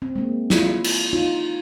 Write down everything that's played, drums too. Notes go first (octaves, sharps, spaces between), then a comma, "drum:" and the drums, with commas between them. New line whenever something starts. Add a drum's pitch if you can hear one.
C4
G#3 A#3
E4 F4, drum: snare
drum: cymbal
D#4 F4